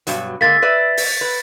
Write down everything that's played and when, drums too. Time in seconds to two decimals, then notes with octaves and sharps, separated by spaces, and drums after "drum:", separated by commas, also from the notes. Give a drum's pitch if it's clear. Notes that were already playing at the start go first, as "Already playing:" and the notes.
0.07 G2 B2 F#3, drum: hi-hat
0.41 D3 G#3 A#3 A6 B6
0.62 B4 D5 E5
0.97 drum: open hi-hat
1.21 B4